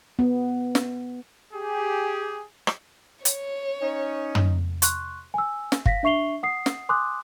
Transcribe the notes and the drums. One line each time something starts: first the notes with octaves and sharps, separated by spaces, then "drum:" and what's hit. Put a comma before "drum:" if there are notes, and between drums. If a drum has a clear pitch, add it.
B3
drum: snare
G4 G#4
drum: rim click
C#5, drum: hi-hat
C#4 D#4
drum: tom
C6 C#6 F#6, drum: hi-hat
G#5 E6
drum: snare
F5 A#6 B6, drum: kick
D4 E5 C#6 C7 F7 G7
F#5 D#6 C7
drum: snare
G#5 C6 D6 D#6 F#6